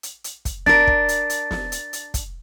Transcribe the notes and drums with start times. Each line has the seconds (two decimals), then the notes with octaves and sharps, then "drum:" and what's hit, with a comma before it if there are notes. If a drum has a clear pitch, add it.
0.03 drum: hi-hat
0.24 drum: hi-hat
0.45 drum: kick, hi-hat
0.66 D4 A#4 A6, drum: snare
0.87 drum: kick
1.09 drum: hi-hat
1.30 drum: hi-hat
1.51 drum: snare
1.72 drum: hi-hat
1.93 drum: hi-hat
2.14 drum: kick, hi-hat